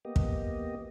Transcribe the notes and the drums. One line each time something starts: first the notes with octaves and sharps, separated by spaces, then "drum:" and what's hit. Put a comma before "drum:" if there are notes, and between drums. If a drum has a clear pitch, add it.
A#3 B3 G4 D#5
drum: kick